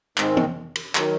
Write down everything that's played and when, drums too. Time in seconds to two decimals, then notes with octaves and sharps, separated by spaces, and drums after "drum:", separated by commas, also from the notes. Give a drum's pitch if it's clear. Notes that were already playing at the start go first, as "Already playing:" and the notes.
0.17 G#2 D#3 G#3 C4, drum: clap
0.37 drum: tom
0.76 drum: cymbal
0.95 D#3 F#3, drum: clap